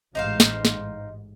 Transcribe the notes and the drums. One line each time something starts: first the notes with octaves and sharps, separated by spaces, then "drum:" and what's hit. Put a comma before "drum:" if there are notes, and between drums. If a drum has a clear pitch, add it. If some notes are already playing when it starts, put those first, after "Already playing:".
A1 G#2 D#4 C5 F5
drum: snare
drum: snare